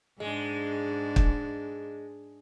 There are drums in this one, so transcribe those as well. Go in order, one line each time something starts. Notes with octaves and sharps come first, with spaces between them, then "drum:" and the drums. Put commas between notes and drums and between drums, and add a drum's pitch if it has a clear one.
G#2 G#3 D4
drum: kick